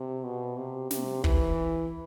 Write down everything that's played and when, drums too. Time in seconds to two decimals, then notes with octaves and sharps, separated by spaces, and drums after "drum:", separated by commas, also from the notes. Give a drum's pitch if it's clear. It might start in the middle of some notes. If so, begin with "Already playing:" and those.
Already playing: C3
0.24 B2
0.57 C3
0.91 C3, drum: snare
1.24 E3, drum: kick